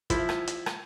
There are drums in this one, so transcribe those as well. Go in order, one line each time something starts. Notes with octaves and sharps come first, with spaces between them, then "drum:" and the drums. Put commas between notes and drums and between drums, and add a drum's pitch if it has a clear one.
F3 E4, drum: kick, hi-hat
drum: rim click
drum: hi-hat
drum: rim click